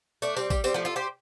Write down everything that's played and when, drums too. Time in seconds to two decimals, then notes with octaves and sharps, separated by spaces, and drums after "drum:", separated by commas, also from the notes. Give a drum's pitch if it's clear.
0.22 A3 D4, drum: tambourine
0.37 G3 C4, drum: tambourine
0.50 G3, drum: kick, tambourine
0.64 G3 C4, drum: tambourine
0.74 F3 A3
0.85 F4 A4
0.96 G4 C5